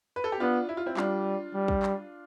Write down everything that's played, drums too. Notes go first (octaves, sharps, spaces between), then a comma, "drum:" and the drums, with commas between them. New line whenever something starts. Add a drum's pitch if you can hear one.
B4
A4
G4
B3 D4 F4
E4
F4
C4 E4
G3 D4 F4, drum: clap
G3
drum: kick
drum: clap